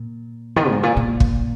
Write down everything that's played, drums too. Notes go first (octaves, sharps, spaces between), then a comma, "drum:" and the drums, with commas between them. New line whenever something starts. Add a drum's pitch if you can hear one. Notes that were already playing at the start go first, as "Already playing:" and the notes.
Already playing: A#2
D#3
G#2
A#2
A#2
drum: kick